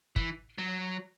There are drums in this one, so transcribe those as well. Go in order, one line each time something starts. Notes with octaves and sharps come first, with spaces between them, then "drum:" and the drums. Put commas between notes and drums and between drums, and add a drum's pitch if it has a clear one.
E3, drum: kick
F#3